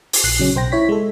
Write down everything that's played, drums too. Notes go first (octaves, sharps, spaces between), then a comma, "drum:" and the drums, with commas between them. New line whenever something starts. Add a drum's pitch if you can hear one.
drum: open hi-hat
A#1 F#6 C7
C#3 F#3 C#4
B1 C5 G5 A#6
E4 C#5 B6
G#3 A4